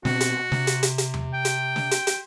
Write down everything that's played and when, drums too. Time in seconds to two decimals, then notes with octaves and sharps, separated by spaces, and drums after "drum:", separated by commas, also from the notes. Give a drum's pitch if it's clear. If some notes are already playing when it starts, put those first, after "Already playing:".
0.05 B2 C4 F#4, drum: snare
0.20 drum: hi-hat
0.52 C3, drum: snare
0.67 drum: hi-hat
0.83 drum: hi-hat
0.98 drum: hi-hat
1.14 drum: tom E2
1.33 G5
1.45 drum: hi-hat
1.76 drum: snare
1.91 drum: hi-hat
2.07 drum: hi-hat